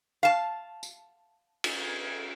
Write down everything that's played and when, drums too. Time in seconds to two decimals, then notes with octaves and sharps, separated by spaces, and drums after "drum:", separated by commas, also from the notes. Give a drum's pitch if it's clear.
0.23 F5 A5
0.83 drum: tambourine
1.64 drum: cymbal